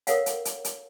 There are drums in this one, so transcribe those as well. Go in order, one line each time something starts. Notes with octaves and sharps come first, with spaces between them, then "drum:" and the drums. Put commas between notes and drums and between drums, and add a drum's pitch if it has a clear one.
A4 A#4 C#5 F5 F#5, drum: hi-hat
drum: hi-hat
drum: hi-hat
drum: hi-hat